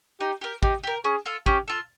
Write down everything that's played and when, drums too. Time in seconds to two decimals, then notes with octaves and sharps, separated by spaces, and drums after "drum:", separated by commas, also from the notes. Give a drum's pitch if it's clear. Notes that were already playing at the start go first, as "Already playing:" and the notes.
0.21 D#4 G4
0.41 G4 A#4
0.63 D#4 G4, drum: kick
0.83 G4 A#4
1.04 C#4 G#4
1.26 F4 A4
1.46 C#4 G4, drum: kick
1.68 F4 A4